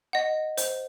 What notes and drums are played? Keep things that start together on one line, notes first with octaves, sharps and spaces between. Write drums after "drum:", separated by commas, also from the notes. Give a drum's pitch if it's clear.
D#5 F#5
C5, drum: hi-hat